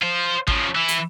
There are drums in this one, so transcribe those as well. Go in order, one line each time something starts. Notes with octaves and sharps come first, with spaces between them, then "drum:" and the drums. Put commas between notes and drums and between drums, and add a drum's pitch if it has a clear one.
F4 C5
C#3 F3, drum: kick G#1
E3 E4
drum: hi-hat